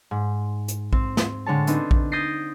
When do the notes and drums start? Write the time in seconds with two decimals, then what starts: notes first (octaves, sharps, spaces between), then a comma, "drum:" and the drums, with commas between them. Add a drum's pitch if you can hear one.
0.11 G#2
0.68 drum: hi-hat
0.93 C4, drum: kick A#1
1.17 drum: snare
1.46 A2 D3 G#3 C#5 A5
1.67 B3 C4 D4 D#4, drum: hi-hat
1.91 drum: kick A#1
2.12 D#6 G6 A6 A#6 C7 D7